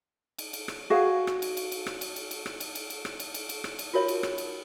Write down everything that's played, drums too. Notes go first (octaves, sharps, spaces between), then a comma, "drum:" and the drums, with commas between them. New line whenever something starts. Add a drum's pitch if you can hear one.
drum: cymbal
drum: cymbal
drum: rim click
F#4 G#4 F5
drum: rim click
drum: cymbal
drum: cymbal
drum: cymbal
drum: rim click
drum: cymbal
drum: cymbal
drum: cymbal
drum: rim click
drum: cymbal
drum: cymbal
drum: cymbal
drum: rim click
drum: cymbal
drum: cymbal
drum: cymbal
drum: rim click
drum: cymbal
F4 F#4 A#4 C#5 E5
drum: cymbal
drum: rim click
drum: cymbal